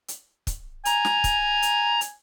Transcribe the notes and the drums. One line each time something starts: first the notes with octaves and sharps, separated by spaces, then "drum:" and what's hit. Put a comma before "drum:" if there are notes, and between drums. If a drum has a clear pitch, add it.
drum: hi-hat
drum: kick, hi-hat
G#5 A#5, drum: hi-hat
drum: snare
drum: kick, hi-hat
drum: hi-hat
drum: hi-hat